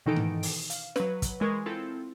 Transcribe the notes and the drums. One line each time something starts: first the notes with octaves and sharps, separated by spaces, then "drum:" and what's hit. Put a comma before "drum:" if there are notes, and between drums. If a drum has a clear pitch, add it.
B2 D#3 E3 D#4 A4 D7
drum: tom G#2
drum: open hi-hat
F5, drum: hi-hat
F#3 B4, drum: snare
drum: kick, hi-hat
E3 G#3 A#4 C#6 G#6
C4 E4 F4 A4